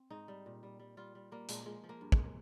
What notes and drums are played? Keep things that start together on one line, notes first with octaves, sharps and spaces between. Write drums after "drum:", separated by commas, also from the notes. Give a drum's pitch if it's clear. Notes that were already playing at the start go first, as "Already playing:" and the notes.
Already playing: C4
G#2 D#4
G3
A#2
G3
G3
G3 F4
G3
G3 A#3
A#2 G#3, drum: hi-hat
F3 G#3
F3
A#3
G2
G#3, drum: kick